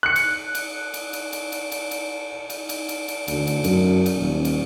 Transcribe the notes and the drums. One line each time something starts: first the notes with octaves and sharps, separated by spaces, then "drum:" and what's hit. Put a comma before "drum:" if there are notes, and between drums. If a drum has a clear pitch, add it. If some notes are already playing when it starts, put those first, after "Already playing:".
F#6 C#7
drum: cymbal
drum: cymbal
drum: cymbal
drum: cymbal
drum: cymbal
drum: cymbal
drum: cymbal
drum: cymbal
drum: cymbal
drum: cymbal
drum: cymbal
drum: cymbal
D2, drum: cymbal
drum: cymbal
F#2, drum: cymbal
drum: cymbal
D#1
drum: cymbal